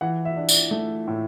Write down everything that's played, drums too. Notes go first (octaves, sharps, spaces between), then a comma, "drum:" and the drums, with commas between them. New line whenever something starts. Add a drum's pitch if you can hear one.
E3 F#5
E5
D4
D5, drum: tambourine
A3
A2